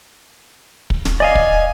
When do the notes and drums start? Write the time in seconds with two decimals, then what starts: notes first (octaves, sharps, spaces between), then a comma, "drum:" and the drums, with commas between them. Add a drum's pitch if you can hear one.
0.90 drum: kick
1.05 drum: snare
1.20 D5 D#5 F5 G#5
1.35 drum: kick